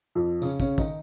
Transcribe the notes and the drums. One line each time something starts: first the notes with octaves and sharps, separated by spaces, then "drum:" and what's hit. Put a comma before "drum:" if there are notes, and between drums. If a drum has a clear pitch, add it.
F2 F3
C#3 C#4, drum: tambourine
C#3 C#4, drum: kick, tambourine
D#3 D#4, drum: kick, tambourine